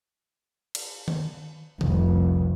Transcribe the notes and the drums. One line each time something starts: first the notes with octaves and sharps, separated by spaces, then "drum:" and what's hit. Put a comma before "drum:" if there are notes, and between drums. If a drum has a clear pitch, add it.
drum: cymbal
drum: tom D#3
F1 C2, drum: tom D#3